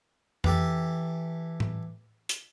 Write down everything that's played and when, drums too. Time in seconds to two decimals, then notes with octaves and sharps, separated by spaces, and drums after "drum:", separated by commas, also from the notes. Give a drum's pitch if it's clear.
0.44 E3 G4 A4, drum: tom F2
1.60 drum: tom A2
2.29 drum: hi-hat